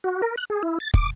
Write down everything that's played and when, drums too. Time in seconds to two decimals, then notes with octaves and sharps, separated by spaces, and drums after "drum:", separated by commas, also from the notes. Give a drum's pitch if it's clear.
0.04 F#4
0.22 A#4
0.37 F#6
0.50 G#4
0.63 E4
0.80 A6
0.94 D6, drum: kick